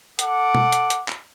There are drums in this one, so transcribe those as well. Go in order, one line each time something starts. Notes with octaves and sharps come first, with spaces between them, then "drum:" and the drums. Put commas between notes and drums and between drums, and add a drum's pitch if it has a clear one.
A4 F#5 D6, drum: hi-hat
drum: tom B2
drum: hi-hat
drum: hi-hat
drum: clap